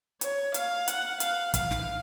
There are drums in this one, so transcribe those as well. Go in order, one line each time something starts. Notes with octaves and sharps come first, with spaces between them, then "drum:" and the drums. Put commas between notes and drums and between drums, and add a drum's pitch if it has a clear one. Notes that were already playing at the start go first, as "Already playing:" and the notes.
C#5, drum: hi-hat
F5, drum: hi-hat
F#5, drum: hi-hat
F5, drum: hi-hat
F5, drum: kick, hi-hat
drum: snare